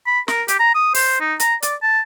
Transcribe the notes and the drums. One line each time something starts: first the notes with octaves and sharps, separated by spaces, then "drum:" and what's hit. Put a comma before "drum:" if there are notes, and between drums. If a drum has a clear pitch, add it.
B5
A#4, drum: snare
G4, drum: hi-hat
A#5
D#6
C5, drum: open hi-hat
D#4
A#5, drum: hi-hat
D5, drum: hi-hat
A5